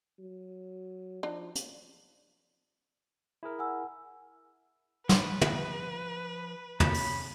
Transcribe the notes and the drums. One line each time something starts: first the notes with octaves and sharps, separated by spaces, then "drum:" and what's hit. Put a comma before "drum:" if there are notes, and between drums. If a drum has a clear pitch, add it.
F#3
F3 D4 D#4
drum: hi-hat
E4 G#4 A#4
F#5 G#5 E6
F3 B4, drum: snare
drum: tom
C3 C#5 B5, drum: tom
drum: open hi-hat